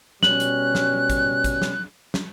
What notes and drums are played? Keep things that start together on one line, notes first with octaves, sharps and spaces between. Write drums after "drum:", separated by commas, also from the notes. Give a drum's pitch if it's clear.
B2 G3 C#4 F#6 F#7, drum: snare
drum: hi-hat
drum: snare
drum: kick, hi-hat
drum: kick, hi-hat
drum: snare
drum: snare